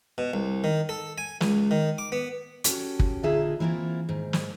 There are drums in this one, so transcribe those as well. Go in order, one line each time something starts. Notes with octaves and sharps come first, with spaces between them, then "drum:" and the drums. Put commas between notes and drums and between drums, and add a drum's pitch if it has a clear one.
B2
C2
D#3
A4
G#5
C#2, drum: snare
D#3
D6
B3
C#4 F#4 G4 A4, drum: hi-hat
drum: kick
A#2 D3 D#4 F4 G#4 E5
E3 A#3 C4 E4 F4
G#2 D#3
drum: snare